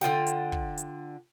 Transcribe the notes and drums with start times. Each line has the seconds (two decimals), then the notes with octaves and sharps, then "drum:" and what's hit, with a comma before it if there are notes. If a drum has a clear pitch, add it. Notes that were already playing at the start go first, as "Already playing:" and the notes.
0.01 D3 F4 F#4 G5, drum: snare
0.27 drum: hi-hat
0.52 drum: kick
0.78 drum: hi-hat